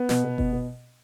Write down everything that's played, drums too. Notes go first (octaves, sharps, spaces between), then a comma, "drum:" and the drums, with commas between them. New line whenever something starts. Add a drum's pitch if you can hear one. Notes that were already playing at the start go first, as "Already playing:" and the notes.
Already playing: B3
B2, drum: snare
B2
B2, drum: kick F#1
B2